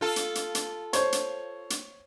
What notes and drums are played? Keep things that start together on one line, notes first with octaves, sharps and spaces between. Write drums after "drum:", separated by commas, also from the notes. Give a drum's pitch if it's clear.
F4 A4
drum: hi-hat
drum: hi-hat
drum: hi-hat
C5 C#5, drum: hi-hat
drum: hi-hat
drum: hi-hat